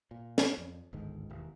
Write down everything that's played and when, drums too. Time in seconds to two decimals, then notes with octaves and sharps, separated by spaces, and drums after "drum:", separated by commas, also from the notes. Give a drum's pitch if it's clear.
0.11 A#2
0.38 drum: snare
0.58 F2
0.93 G1 C#2 G#2 D#3
1.30 E1 D#2